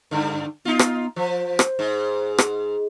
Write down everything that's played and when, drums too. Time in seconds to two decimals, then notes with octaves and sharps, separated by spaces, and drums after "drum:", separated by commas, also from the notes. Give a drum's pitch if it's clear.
0.11 G2 D3
0.65 B3 D#4 F4
0.79 drum: rim click
1.16 F3 C5
1.59 drum: rim click
1.79 G#2
2.38 drum: rim click